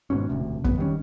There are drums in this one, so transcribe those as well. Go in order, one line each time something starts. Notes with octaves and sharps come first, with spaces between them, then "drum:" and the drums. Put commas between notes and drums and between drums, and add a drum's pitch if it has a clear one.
G#1 G#2 B2 C#4
E1 D2 C3
A1 F#2 A2 B3, drum: kick
D#3 G3 B3 C#4